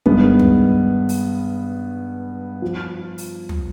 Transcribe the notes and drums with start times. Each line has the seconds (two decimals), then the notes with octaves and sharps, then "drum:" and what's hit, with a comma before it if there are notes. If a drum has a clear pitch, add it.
0.06 G2 D#3 G#3 B3, drum: kick
0.39 drum: tom
1.09 drum: open hi-hat
2.62 F3
3.18 drum: open hi-hat
3.49 drum: tom